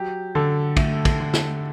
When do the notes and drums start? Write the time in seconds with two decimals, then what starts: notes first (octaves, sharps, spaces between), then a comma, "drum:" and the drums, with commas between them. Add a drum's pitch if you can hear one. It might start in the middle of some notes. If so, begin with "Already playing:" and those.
Already playing: F#3 G4
0.35 D3 A4
0.77 A3, drum: kick, cymbal
1.05 drum: kick, cymbal
1.20 D3
1.34 drum: snare